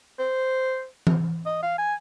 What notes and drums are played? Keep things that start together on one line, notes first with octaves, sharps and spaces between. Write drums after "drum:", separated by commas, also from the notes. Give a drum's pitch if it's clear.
C5
drum: tom E3
D#5
F5
G#5